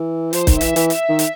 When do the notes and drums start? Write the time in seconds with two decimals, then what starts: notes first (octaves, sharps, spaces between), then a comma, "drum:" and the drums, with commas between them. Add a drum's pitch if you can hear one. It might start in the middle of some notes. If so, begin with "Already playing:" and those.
Already playing: E3
0.33 F3 C5, drum: hi-hat
0.47 D#3, drum: kick, hi-hat
0.61 E3 E5, drum: hi-hat
0.76 E3, drum: hi-hat
0.90 E5, drum: hi-hat
1.09 D#3
1.19 drum: hi-hat